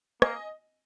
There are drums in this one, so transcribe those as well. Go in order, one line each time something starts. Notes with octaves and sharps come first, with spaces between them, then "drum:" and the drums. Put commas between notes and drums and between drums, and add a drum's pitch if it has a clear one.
A#3 D#5 G#5, drum: rim click